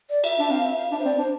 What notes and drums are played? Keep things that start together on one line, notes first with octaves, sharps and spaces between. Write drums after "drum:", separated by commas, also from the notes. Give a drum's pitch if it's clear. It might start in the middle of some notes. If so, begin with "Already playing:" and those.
D5
E5, drum: cymbal
D4 E5
C4 F5
E5
F5
D4 E5
C5
C4 D5
D4 C5